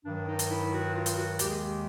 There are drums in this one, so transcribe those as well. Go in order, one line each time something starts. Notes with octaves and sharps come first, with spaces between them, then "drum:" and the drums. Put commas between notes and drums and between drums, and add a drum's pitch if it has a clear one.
G2 D#3 F#3 D4
D#4
drum: hi-hat
E4
F#4
F4
drum: hi-hat
F#4
D#2 D#3 G#3 G4, drum: hi-hat
G#4
G4